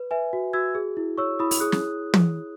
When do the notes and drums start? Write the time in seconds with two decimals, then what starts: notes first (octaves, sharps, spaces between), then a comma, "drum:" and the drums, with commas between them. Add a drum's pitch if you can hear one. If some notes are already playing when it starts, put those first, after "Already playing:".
Already playing: B4
0.11 B4 E5 G#5
0.33 F#4
0.53 F#4 E6 G#6
0.75 G#4
0.97 E4
1.18 C#5 C#6 E6
1.39 E4 B5 D#6
1.51 drum: open hi-hat
1.60 G#4 D#6 F#6
1.72 drum: snare
2.14 drum: tom